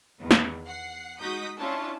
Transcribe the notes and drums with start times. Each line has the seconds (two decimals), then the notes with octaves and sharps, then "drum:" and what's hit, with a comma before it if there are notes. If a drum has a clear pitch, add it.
0.18 E2 D#3
0.31 drum: snare
0.67 F#5 C7
1.21 G#3 D#4 F#4 D#6 G6 B6
1.59 C#4 D4 E4 F4 C#5 A5